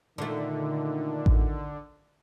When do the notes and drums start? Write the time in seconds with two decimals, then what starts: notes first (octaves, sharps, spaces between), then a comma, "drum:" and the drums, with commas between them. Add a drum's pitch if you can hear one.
0.18 A#2 D3 D#3 A3
1.26 drum: kick A1